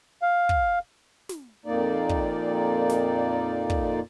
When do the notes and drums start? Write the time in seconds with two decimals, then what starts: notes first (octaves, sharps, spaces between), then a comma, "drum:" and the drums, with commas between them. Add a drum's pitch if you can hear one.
0.22 F5
0.49 drum: kick
1.29 drum: snare
1.66 F2 A#2 A#3 D#4 D5
2.09 drum: kick
2.89 drum: snare
3.70 drum: kick